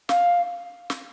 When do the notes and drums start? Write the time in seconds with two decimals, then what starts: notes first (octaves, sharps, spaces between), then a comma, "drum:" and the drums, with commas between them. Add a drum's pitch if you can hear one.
0.09 F5, drum: snare
0.90 drum: snare